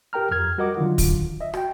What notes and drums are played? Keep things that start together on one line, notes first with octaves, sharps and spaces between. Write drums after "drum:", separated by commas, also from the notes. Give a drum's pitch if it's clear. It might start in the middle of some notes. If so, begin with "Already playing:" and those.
G4 A#4 G5 A#5 F6
F2 F6 G#6
G3 F#4 A#4 D#5 F#5 D6
D3 D#3 F#3 F4
drum: kick, open hi-hat
D#5 E5
F#4 G5, drum: rim click